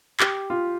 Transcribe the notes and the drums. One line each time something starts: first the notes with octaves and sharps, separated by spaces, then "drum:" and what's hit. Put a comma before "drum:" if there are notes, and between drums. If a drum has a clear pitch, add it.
G4, drum: clap
F4